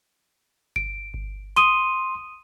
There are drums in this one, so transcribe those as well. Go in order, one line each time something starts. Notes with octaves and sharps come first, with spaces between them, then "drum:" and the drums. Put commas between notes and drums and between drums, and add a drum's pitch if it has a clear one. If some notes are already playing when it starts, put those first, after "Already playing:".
D7, drum: kick G1
drum: kick G1
C6 D#6 D#7 G7, drum: hi-hat